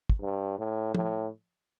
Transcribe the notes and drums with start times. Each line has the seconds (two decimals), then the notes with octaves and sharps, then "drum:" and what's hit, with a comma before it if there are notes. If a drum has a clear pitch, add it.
0.10 drum: kick
0.21 G2
0.58 A2
0.95 A2, drum: tom F3